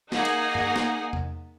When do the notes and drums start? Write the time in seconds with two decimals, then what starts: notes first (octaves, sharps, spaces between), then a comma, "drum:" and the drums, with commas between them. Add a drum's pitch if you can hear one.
0.12 A#3 D#4 G#4 F#5 G#5, drum: snare A#3
0.25 drum: cymbal
0.55 drum: tom G2
0.76 drum: snare A#3
1.13 drum: tom E2